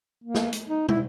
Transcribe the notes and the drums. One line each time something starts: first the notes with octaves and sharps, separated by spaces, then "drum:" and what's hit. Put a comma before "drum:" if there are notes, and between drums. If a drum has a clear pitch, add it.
A#3
drum: snare
drum: hi-hat
D#4
E4, drum: tom